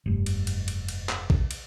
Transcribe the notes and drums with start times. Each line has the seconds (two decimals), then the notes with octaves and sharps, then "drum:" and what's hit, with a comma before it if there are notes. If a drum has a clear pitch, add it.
0.06 F1 G2
0.26 drum: cymbal
0.47 drum: cymbal
0.68 drum: cymbal
0.88 drum: cymbal
1.09 drum: clap
1.30 drum: kick A1
1.51 drum: cymbal